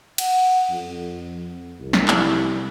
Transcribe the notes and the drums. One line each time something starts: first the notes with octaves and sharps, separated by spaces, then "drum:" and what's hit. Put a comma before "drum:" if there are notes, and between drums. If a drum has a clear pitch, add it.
F#5, drum: cymbal
F2
C2
drum: snare
drum: clap